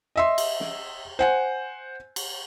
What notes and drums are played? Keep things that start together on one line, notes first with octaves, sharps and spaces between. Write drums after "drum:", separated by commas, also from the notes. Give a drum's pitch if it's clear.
D#5 E5 C6
drum: cymbal
drum: snare
C5 F#5 G#5
drum: cymbal